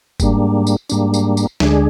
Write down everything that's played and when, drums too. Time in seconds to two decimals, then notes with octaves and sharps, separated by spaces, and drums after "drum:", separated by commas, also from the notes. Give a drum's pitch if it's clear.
0.20 G#2 G3 A#3 D4, drum: kick F#1, tambourine
0.67 drum: tambourine
0.90 G#2 G3 A#3 D4, drum: tambourine
1.14 drum: tambourine
1.37 drum: tambourine
1.60 D2 D3 G#3 D4 G#4, drum: snare